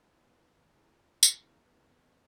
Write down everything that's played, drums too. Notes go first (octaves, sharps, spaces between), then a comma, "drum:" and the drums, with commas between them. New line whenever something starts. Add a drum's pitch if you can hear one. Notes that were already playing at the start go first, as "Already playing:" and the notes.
Already playing: F#2 B3
E3
G#2 B3
E3
E2
C#3 E3
A#2
E2, drum: tambourine
C#3 E3
E2 A#3
B3
C#3 E3
E2 B3
C#4
B2
C#4